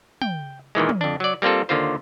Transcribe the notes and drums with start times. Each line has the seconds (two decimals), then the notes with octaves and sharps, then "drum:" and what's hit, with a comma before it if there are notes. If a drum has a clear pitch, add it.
0.22 G5, drum: tom
0.75 A#2 D#3 E3 G#3
0.89 drum: tom
1.01 F2 D4
1.20 F#3 D5
1.42 G3 A#3 C4 F4 A4
1.69 D#2 D3 A#3 F4 C5